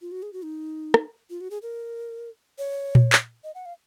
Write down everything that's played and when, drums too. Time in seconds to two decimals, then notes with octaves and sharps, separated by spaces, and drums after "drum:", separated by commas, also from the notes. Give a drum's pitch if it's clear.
0.02 F4
0.12 F#4
0.22 G#4
0.33 F#4
0.44 D#4
0.94 drum: rim click
1.30 F4
1.41 F#4
1.51 G#4
1.62 A#4
2.58 C#5
2.95 drum: tom A#2
3.13 drum: clap
3.44 D#5
3.55 F#5
3.66 F5